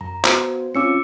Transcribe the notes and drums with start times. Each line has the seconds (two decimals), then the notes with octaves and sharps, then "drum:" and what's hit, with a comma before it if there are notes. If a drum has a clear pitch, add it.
0.01 F#2 A#5
0.25 B3 F#4 C5, drum: clap
0.75 C4 C#4 F4 D6 E6 C#7